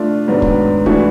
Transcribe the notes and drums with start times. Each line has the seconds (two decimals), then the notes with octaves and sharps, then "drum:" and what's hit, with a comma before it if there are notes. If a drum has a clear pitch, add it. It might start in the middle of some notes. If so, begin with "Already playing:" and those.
Already playing: A3 D4 F4
0.28 G#2 D#3 F#3 B3 D4
0.42 drum: kick
0.86 E3 A3 D4 F#4, drum: kick